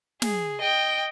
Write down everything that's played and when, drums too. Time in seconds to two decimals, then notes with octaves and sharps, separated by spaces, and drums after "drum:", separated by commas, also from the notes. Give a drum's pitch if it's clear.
0.22 G#4, drum: snare
0.61 D#5 G5